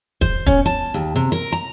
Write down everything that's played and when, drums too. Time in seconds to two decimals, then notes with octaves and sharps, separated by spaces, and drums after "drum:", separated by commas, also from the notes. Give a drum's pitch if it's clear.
0.21 C5, drum: kick
0.46 C#4, drum: kick
0.66 A5
0.94 D#2
1.16 C3
1.32 A#4
1.52 A#5